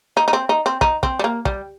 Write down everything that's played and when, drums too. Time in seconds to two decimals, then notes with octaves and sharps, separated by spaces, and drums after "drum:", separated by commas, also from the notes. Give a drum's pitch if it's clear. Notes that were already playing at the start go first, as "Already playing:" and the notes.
0.17 D#4
0.28 D#4
0.33 C4
0.49 D#4
0.66 C4
0.81 D#4, drum: kick
1.03 C4, drum: kick
1.19 G3
1.24 A#3
1.45 G3, drum: kick